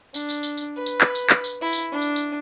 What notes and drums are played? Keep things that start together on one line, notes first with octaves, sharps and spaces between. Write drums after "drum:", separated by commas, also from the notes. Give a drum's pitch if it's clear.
D4, drum: tambourine
drum: tambourine
drum: tambourine
drum: tambourine
B4
drum: tambourine
drum: clap
drum: tambourine
drum: clap
drum: tambourine
E4
drum: tambourine
D4
drum: tambourine
drum: tambourine